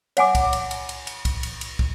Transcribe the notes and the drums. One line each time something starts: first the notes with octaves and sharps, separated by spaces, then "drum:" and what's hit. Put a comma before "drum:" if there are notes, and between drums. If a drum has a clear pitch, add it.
C#5 F#5 G#5 D6, drum: cymbal
drum: kick, cymbal
drum: cymbal
drum: cymbal
drum: cymbal
drum: cymbal
drum: kick, cymbal
drum: cymbal
drum: cymbal
drum: kick